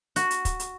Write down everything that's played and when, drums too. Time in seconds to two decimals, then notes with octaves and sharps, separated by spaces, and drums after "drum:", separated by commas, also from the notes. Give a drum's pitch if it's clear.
0.16 F#4, drum: hi-hat
0.31 drum: hi-hat
0.45 drum: kick, hi-hat
0.60 drum: hi-hat